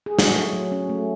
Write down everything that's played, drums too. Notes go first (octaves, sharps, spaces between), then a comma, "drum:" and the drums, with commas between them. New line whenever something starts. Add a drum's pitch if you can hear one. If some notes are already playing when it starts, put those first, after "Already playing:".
G#4
A3 F#4, drum: snare
F#3
F#3
C#4
A3